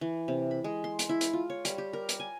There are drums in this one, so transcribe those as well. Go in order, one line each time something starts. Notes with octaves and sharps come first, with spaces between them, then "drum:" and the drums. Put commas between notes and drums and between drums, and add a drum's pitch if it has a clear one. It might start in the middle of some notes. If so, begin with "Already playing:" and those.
E3
C3
B5
G#3
C6
drum: hi-hat
E4
drum: hi-hat
F4
C#5
G3, drum: hi-hat
G4
A#4
drum: hi-hat
G#5